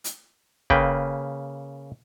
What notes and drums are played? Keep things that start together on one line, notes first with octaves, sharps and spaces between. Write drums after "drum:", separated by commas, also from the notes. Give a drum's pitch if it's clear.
drum: hi-hat
C#3 A#3 B4 G5, drum: kick